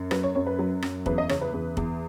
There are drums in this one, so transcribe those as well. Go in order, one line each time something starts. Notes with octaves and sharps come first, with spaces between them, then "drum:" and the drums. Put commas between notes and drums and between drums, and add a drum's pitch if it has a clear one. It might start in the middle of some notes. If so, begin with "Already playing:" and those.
Already playing: F#2
F#3 B4, drum: rim click
C#5
F#2 C#5
B4
F#3
F#2, drum: rim click
E2 B4, drum: kick
D#5
C#3 C#5, drum: rim click
B4
E2
E2, drum: kick